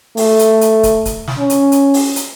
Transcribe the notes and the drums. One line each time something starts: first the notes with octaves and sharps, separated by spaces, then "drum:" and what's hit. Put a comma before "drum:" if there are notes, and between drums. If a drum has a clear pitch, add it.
A3, drum: open hi-hat
drum: hi-hat
drum: hi-hat
drum: kick, hi-hat
drum: kick, hi-hat
drum: snare
C#4
drum: hi-hat
drum: hi-hat
drum: open hi-hat
drum: hi-hat